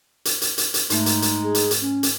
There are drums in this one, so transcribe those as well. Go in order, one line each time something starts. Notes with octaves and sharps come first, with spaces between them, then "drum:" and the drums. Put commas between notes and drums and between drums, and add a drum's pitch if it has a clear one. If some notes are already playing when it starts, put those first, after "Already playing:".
drum: hi-hat
drum: hi-hat
drum: hi-hat
drum: hi-hat
G#2 G#3 A3 D#4 E5, drum: hi-hat
drum: hi-hat
drum: hi-hat
G#4
drum: hi-hat
drum: hi-hat
C#4
drum: hi-hat